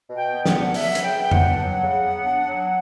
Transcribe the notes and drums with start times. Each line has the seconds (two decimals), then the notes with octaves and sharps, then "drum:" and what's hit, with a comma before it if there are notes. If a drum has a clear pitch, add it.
0.10 B2
0.17 G5
0.31 B3
0.45 F#5, drum: snare
0.53 D4
0.74 F#3 E5, drum: open hi-hat
0.95 C#3 F#5, drum: hi-hat
1.03 G5
1.17 B3
1.23 G5
1.31 F#5, drum: tom F2
1.39 D4
1.61 F#3
1.82 C#3
2.04 B3
2.25 D4
2.47 F#3